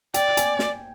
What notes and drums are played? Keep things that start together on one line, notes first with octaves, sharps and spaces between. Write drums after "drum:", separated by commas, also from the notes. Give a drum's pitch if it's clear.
D5 G5, drum: hi-hat
G#5, drum: hi-hat
drum: snare